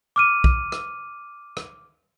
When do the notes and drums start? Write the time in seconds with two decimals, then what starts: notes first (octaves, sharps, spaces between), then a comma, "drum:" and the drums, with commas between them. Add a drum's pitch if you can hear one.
0.16 D6 F6 D#7
0.44 drum: kick B1
0.72 drum: rim click
1.57 drum: rim click